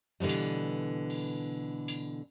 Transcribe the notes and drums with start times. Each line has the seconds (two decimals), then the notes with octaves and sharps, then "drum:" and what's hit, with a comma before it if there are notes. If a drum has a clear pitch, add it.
0.20 B2 D3 E3 F#3 G3
0.29 drum: open hi-hat
1.10 drum: cymbal
1.88 drum: open hi-hat